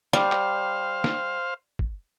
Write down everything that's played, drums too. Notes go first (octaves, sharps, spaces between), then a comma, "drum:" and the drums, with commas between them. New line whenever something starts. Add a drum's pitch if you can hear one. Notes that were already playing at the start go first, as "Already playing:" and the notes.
G3 C5 F5, drum: snare
drum: clap
drum: snare
drum: kick